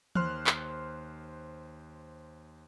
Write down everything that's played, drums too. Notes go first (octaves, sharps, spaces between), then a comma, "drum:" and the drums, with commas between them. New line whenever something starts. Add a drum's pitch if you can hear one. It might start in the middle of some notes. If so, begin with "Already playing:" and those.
D#2 C5 C6 F6 F#6, drum: tom E3
drum: clap